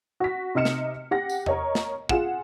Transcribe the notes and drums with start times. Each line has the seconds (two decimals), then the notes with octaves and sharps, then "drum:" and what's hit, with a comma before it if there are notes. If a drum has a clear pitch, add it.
0.20 F#4 B6
0.55 C3 D#4 D#5 F6 C#7 E7
0.65 drum: snare
1.11 G4 F#5 A#6
1.29 drum: tambourine
1.46 A#4 C#5 D#5, drum: tom E2
1.75 drum: snare
2.09 F4 G#4 F#5 E7, drum: kick